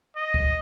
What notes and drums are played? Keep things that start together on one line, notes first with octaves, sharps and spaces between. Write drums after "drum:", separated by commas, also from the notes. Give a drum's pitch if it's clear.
D#5
drum: kick C#2